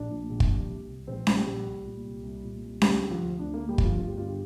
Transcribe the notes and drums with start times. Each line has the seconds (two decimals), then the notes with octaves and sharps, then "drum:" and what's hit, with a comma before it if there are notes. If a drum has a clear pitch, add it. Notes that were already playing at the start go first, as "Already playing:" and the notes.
Already playing: A#1 D4 D5
0.10 A#2
0.29 A#1
0.40 drum: kick
0.50 C2
0.69 C3
0.88 C2
1.07 A#1 C4 C5
1.27 A#2, drum: snare C#4
1.36 G3 G4
1.46 A#1
1.65 C2
1.85 A#2
2.05 C2
2.23 C2
2.43 A#2
2.62 C2
2.82 D2 G3 G4, drum: snare C#4
2.99 D3 G4
3.10 F3 F4
3.20 D2
3.39 D2 D3 D4
3.54 D3 A#3
3.69 G3 G4
3.78 D2 F3 F4, drum: kick
3.97 G1 F4
4.08 G4
4.17 G2 F4
4.28 G4